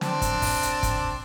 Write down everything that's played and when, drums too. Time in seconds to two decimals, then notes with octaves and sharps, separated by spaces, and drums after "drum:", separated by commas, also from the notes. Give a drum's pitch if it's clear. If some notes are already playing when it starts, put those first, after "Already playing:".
0.01 C4 D4, drum: snare
0.22 drum: kick, hi-hat
0.42 drum: kick, open hi-hat
0.62 drum: hi-hat
0.83 drum: kick, hi-hat